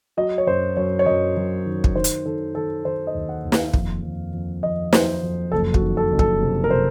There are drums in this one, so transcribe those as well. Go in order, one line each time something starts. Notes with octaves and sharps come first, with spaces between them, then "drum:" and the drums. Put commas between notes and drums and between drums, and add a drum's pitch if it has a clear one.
F#3 D#5
C#5
F#2 C5
F#2 C#5
C#5
F#2 D#5
F#2
D#3
drum: kick
D#3 C5
drum: hi-hat
D#3 A4
D#3 A4
D#3 C5
D#5
D#2
F#5
D#2
F5, drum: snare
F2, drum: kick
F2
F2
F2 D#5
F#3 C5, drum: snare
F2
F#1 A4
F#4, drum: kick
D#3
A4
F#1
A4, drum: kick
C3
A#4
C3 C5